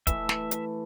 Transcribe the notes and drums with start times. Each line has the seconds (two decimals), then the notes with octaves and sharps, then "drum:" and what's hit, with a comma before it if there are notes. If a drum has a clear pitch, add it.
0.07 E3 A3 E5, drum: kick, hi-hat
0.29 drum: snare
0.51 drum: hi-hat